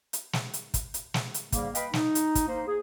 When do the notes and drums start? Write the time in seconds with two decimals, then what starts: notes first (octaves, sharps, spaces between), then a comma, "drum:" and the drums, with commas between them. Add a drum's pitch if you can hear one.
0.13 drum: hi-hat
0.33 drum: snare
0.54 drum: hi-hat
0.74 drum: kick, hi-hat
0.94 drum: hi-hat
1.14 drum: snare
1.34 drum: hi-hat
1.52 G#2 C#3 G3 A#3, drum: kick, hi-hat
1.75 B4 D#5 F5 G5 B5, drum: hi-hat
1.93 D#4, drum: snare
2.15 drum: hi-hat
2.35 drum: kick, hi-hat
2.48 A#3 D#4 C5
2.67 G#4